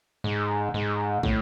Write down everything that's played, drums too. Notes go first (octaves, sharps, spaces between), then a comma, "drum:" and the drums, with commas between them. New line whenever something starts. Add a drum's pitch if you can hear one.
G#2
G#2
A2, drum: kick